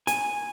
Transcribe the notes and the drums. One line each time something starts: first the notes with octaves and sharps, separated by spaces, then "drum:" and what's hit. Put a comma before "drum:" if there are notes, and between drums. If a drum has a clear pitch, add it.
G#5, drum: hi-hat